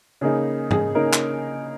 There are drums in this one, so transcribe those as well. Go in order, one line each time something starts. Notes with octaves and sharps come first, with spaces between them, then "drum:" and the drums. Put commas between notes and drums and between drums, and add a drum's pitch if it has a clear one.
C#3 A#3 D#4 G#4
G#4, drum: tom G#2
C#3 A#3 D#4 A#4
drum: clap